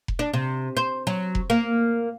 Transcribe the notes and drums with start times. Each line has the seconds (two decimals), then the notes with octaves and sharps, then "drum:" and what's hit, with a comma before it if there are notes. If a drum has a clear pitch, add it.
0.08 drum: kick F1
0.19 D4
0.34 C3
0.77 C5
1.07 F#3
1.35 drum: kick F1
1.50 A#3